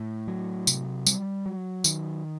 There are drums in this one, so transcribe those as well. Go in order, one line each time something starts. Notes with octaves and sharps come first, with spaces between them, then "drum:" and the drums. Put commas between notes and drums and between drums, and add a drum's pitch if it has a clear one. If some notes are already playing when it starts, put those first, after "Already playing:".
Already playing: A2
F#3
C3, drum: tambourine
G3, drum: tambourine
F#3
D#3, drum: tambourine